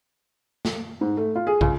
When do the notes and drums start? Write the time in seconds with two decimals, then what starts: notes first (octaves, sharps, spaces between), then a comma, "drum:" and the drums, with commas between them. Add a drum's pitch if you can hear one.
0.65 drum: snare
1.01 G#2
1.17 A3
1.35 F4
1.47 G#4
1.61 C#2, drum: kick